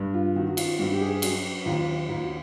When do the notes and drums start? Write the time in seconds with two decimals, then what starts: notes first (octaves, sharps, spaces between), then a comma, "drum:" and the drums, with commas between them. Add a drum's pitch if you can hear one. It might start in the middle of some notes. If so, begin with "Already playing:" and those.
Already playing: G2
0.14 F4
0.36 D#3 F#4
0.47 F#4
0.57 F4, drum: cymbal
0.79 G2 F#4
0.93 G4
1.01 G#4
1.22 F#3 F#4, drum: cymbal
1.66 D#2 F4
2.09 D#2 F4
2.21 F#4